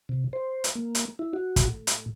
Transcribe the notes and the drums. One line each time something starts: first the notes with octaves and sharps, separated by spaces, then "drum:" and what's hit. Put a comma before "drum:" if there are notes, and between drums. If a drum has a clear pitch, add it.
C3
C5
drum: hi-hat
A#3
drum: hi-hat
E4
F#4
drum: kick, hi-hat
A2
drum: hi-hat